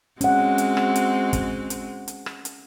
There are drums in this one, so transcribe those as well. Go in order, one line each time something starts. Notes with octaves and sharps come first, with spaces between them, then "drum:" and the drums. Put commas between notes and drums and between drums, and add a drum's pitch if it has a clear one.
G#3 C4 C#4 F#4 F#5, drum: hi-hat
drum: hi-hat
drum: rim click
drum: hi-hat
drum: kick, hi-hat
drum: hi-hat
drum: hi-hat
drum: rim click
drum: hi-hat